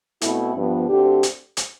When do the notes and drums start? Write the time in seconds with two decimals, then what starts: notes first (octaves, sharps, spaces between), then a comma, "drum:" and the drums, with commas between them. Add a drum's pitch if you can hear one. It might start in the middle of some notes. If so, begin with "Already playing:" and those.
0.21 B2 A3 C4 E4, drum: hi-hat
0.55 G2 F3 B3
0.89 D2 D3 A3 C4 G4
1.23 drum: hi-hat
1.57 drum: hi-hat